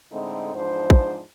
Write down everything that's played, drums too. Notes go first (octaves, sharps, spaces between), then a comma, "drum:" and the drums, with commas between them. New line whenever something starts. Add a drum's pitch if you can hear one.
A2 D3 G#3 C4 D#4 D#5
E2 G#2 F3 D4 C5
drum: kick